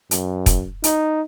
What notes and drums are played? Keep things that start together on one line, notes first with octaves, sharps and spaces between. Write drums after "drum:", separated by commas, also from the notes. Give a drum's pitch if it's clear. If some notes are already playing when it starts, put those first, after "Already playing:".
F#2, drum: hi-hat
drum: kick, hi-hat
D#4, drum: hi-hat